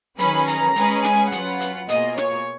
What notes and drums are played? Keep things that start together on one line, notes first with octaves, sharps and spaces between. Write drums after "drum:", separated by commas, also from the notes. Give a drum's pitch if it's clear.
D#3 F#3 C#4 G#4 B4 B5, drum: hi-hat
A#5, drum: hi-hat
G#3 C#4 G#4 B4, drum: hi-hat
G#5, drum: snare
F#3 C#4 F4 B4 F#5, drum: hi-hat
drum: hi-hat
B2 A#3 F4 G#4 D#5, drum: hi-hat
C#5, drum: snare